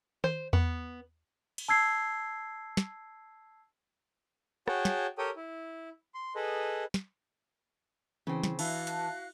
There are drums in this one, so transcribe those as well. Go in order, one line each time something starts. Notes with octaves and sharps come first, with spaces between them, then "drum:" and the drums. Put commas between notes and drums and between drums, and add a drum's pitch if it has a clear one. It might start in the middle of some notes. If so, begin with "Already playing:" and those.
C5, drum: tom D#3
B3, drum: tom E2
drum: cymbal
A5 E6 G#6 C7
drum: snare
F#4 G#4 C#5 F#5 G5 A5, drum: rim click
drum: snare
G4 A4 A#4 C#5 G5 D#6
E4
C6
G#4 A4 B4 D#5
drum: snare
C#3 E3 C4
drum: snare
E3 F#4 F5 A5 F#6, drum: cymbal
drum: hi-hat